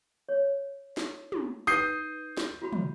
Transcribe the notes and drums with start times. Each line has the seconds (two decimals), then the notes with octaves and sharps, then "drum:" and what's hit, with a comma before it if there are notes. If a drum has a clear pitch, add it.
0.29 C#5
0.97 drum: snare
1.32 drum: tom
1.67 D#4 B4 D#6 G6 C7, drum: tambourine
2.37 drum: snare
2.62 F4 F#4 B5
2.72 drum: tom